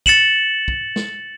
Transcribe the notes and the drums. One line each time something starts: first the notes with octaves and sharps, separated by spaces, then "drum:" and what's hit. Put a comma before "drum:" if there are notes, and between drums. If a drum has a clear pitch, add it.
A6 C#7 E7 F#7, drum: kick
drum: kick
drum: snare